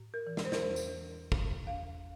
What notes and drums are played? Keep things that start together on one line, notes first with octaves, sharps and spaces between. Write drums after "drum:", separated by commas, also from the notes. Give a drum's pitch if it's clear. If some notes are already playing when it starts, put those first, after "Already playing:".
Already playing: A2
A#4
E3
D5, drum: snare
C5
A#4, drum: snare
E2 C5
drum: tambourine
E3
E2, drum: kick
E2 F5